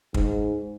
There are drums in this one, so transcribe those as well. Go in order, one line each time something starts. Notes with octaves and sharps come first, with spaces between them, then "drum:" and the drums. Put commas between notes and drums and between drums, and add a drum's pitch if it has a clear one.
G#2, drum: kick